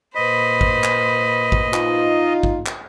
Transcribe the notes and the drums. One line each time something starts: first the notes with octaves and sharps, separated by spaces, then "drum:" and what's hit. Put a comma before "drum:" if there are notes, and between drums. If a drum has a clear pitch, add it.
A#2 B4 C5 D#5 B5
drum: kick G#1
drum: clap
drum: kick G#1
D#4 F4, drum: clap
drum: kick G#1
drum: clap